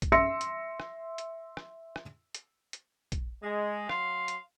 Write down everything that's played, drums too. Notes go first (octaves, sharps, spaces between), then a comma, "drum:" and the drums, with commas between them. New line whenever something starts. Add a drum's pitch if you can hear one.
drum: kick A#1, hi-hat
E5 C6 E6 A#6 C#7
drum: hi-hat
drum: rim click
drum: hi-hat
drum: rim click
drum: rim click
drum: hi-hat
drum: hi-hat
drum: kick A#1, hi-hat
G#3
F#3 F5 C6, drum: rim click
drum: hi-hat